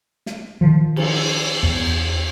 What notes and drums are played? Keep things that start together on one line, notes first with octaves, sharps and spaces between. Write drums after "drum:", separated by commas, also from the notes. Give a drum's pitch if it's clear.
drum: snare
D#3 F3
drum: cymbal
E2